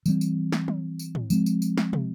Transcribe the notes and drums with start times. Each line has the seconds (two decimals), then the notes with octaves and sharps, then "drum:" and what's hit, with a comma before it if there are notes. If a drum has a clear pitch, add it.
0.06 E3 G3 C4, drum: tambourine
0.21 drum: tambourine
0.52 drum: snare
0.68 drum: tom
0.99 drum: tambourine
1.15 drum: tom
1.30 F3 G#3 C4, drum: tambourine
1.46 drum: tambourine
1.62 drum: tambourine
1.78 drum: snare
1.93 drum: tom